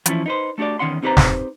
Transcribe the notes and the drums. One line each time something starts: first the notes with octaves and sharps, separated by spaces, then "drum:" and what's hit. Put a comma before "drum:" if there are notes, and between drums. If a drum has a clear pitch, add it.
E3 F3 C4 C#4 E4, drum: hi-hat
D#4 B4 C5
A3 D4 F#4 G4 D5
E2 D#3 C#4 F#5 C6
C4 D#4 G4 B4 C5 A#5
drum: snare